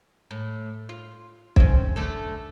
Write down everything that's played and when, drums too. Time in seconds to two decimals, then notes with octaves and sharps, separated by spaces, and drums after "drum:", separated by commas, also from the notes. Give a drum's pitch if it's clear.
0.31 A2
0.89 F4
1.56 C4 C#4, drum: kick
1.96 D3 A3 A4